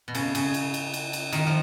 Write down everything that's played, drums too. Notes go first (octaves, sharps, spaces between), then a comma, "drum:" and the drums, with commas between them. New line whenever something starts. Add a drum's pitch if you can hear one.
B2
C#3, drum: cymbal
C#3, drum: cymbal
drum: cymbal
drum: cymbal
drum: cymbal
drum: cymbal
D#3, drum: cymbal
F3